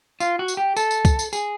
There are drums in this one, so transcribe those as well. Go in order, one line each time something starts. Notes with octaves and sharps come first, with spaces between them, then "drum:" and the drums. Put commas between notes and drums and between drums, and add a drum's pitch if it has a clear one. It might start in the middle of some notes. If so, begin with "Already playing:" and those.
F4, drum: tambourine
F#4
drum: tambourine
G4
A4, drum: tambourine
drum: tambourine
drum: kick, tambourine
drum: tambourine
G#4, drum: tambourine